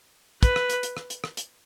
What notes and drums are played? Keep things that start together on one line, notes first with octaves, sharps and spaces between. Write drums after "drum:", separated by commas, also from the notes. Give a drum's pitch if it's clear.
B4, drum: kick, hi-hat
drum: rim click
drum: hi-hat
drum: hi-hat
drum: rim click
drum: hi-hat
drum: rim click
drum: hi-hat